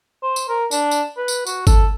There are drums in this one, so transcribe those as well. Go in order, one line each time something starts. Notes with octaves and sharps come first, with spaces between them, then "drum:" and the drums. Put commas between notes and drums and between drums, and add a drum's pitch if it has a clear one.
C5
drum: tambourine
A#4
D4, drum: tambourine
drum: tambourine
B4
drum: tambourine
F#4, drum: tambourine
A4, drum: kick G1, tambourine